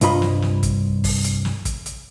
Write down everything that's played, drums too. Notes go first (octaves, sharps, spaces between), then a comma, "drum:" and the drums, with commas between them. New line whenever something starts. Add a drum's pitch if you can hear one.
C2 G2 F4 D#5 A#5 B5, drum: hi-hat
drum: snare
drum: snare
drum: kick, hi-hat
drum: kick, open hi-hat
drum: hi-hat
drum: snare
drum: kick, hi-hat
drum: hi-hat